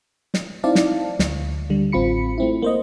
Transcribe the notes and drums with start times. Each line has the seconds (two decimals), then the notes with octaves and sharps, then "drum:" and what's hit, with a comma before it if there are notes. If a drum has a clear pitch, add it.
0.34 drum: snare
0.64 C4 D#4 E4 D5 F5 A5
0.75 drum: snare
1.19 D2, drum: snare
1.70 D3 G3
1.92 A1 C4 F4 B5 C#7
2.38 A3 C4 E4
2.62 A#3 C5 D#5